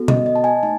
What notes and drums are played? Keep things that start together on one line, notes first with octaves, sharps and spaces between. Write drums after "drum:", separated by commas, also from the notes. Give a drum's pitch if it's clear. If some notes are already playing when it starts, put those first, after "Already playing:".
Already playing: B3 F#4 A4
D#5, drum: tom B2
D#5
A5
G#5
A3 D#4 A5